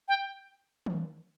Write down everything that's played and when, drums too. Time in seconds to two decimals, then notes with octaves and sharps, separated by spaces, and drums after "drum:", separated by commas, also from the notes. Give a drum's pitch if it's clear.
0.08 G5
0.86 drum: tom D#3